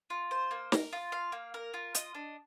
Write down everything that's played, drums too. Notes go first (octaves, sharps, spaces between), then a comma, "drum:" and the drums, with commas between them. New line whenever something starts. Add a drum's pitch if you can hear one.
F4
C5
A#3
A#4, drum: snare
F4
F5
A#3
A#4
F4
D#5, drum: hi-hat
D4